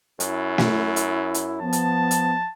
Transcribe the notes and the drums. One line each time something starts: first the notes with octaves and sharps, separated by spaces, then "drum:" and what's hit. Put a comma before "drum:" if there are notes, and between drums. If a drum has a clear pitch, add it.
F#2 E4, drum: hi-hat
drum: snare
drum: hi-hat
drum: hi-hat
F3 B3 A5
drum: hi-hat
drum: hi-hat